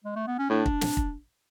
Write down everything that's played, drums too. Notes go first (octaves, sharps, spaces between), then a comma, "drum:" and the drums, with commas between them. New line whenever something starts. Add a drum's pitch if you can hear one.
G#3
A3
B3
C#4
A2 D4
drum: kick
drum: snare
drum: kick